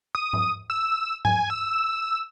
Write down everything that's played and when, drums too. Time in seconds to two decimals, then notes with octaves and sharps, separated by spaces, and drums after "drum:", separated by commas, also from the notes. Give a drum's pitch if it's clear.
0.15 D#6
0.33 drum: tom G#2
0.70 E6
1.25 G#5, drum: tom G#2
1.50 E6